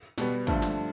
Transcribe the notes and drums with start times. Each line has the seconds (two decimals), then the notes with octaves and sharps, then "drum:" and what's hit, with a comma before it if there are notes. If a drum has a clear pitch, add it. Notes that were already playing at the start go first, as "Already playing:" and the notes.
0.18 B2 G3 B3, drum: snare
0.47 G2 D3 F3 A3, drum: kick, cymbal
0.62 drum: snare